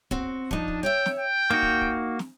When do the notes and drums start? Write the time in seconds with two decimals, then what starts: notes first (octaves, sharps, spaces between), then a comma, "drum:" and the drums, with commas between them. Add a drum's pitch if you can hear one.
0.11 C4 F#4, drum: kick
0.51 F3 D4 D#4, drum: kick
0.68 drum: kick
0.83 C#5 D#5 E5 G5
1.06 drum: snare
1.19 G5
1.51 A#3 D#4 F#4
1.62 drum: kick
1.81 drum: kick
2.19 drum: snare